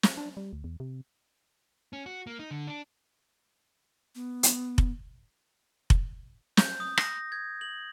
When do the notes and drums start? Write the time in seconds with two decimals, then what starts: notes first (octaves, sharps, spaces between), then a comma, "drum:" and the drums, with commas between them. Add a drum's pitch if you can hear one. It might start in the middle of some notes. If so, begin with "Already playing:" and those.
0.03 drum: snare
0.17 D4
0.37 G3
0.53 D2
0.64 E2
0.80 C3
1.93 C#4
2.06 F#4
2.27 A#3
2.39 D#4
2.51 D3
2.67 D4
4.15 B3
4.43 drum: hi-hat
4.78 drum: kick F1
5.90 drum: kick F1
6.57 G6, drum: snare
6.80 D#6
6.98 A#6, drum: rim click
7.32 G#6
7.61 F#7